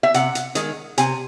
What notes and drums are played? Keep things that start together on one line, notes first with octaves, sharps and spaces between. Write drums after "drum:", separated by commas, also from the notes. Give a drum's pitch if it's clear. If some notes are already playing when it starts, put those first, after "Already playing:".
E5
C3 F#5, drum: hi-hat
drum: hi-hat
D#3 G#3 D#4, drum: hi-hat
C3 G#5, drum: hi-hat